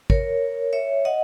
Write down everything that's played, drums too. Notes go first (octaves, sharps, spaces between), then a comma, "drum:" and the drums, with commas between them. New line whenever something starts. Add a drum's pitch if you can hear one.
A#4 C#5, drum: kick
C#5 E5
D#5 F#5